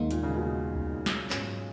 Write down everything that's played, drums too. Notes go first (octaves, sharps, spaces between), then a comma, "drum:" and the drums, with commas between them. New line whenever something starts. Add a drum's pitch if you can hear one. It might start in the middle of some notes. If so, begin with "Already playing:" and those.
Already playing: D#2 G#2 D#3 A#3 D#4
A#2, drum: hi-hat
C#3
B2
drum: kick
drum: snare
G#2 F#3 C#4, drum: clap